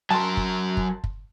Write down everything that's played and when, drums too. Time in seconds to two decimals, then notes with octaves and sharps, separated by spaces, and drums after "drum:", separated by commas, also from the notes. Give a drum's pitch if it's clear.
0.10 F#3 A#4 A5 C6
0.37 drum: kick F#1
0.77 drum: kick F#1
1.04 drum: kick F#1